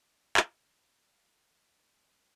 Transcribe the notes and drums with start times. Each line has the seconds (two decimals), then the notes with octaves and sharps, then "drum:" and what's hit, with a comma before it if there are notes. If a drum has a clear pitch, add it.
0.03 D5
0.37 drum: clap
1.12 F5